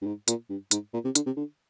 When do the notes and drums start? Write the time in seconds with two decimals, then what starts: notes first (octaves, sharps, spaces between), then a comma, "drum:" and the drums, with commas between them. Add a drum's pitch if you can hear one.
0.01 G2
0.06 G#2
0.28 A#2, drum: hi-hat
0.50 G2
0.71 G#2, drum: hi-hat
0.94 A#2
1.05 C3
1.15 D3, drum: hi-hat
1.26 C3
1.37 D3